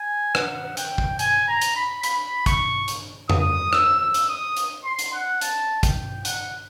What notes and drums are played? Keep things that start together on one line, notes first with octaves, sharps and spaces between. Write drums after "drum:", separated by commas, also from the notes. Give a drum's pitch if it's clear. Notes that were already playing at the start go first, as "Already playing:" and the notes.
Already playing: G#5
F#5, drum: rim click
G5, drum: hi-hat
drum: kick
G#5, drum: hi-hat
A#5
drum: hi-hat
B5
B5, drum: hi-hat
C#6, drum: kick, hi-hat
drum: hi-hat
D#6, drum: tom F2
E6, drum: rim click
E6
drum: hi-hat
D#6
drum: hi-hat
C6
drum: hi-hat
F#5
A5, drum: hi-hat
G5, drum: kick, hi-hat
F#5, drum: hi-hat